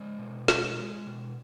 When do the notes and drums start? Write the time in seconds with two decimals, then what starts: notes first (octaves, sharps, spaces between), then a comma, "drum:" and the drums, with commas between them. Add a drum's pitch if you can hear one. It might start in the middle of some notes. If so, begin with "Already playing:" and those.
Already playing: G#3 C5 D5
0.19 B2
0.48 G#3, drum: snare
0.78 G#3
1.07 B2